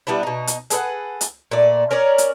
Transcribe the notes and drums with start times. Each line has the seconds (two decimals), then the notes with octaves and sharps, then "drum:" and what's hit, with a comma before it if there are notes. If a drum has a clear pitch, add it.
0.07 G3 B3 D4 E4
0.23 B2 D#4
0.47 drum: hi-hat
0.70 G#4 A4 B4 F#5, drum: hi-hat
1.21 drum: hi-hat
1.51 A#2 A3 D5
1.91 C#4 A#4 C#5 D5
2.18 drum: hi-hat